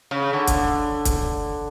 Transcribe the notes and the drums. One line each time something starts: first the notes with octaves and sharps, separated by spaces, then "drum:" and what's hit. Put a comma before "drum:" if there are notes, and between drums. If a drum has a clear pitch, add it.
C#3
D3
drum: kick C#1, hi-hat
drum: kick C#1, hi-hat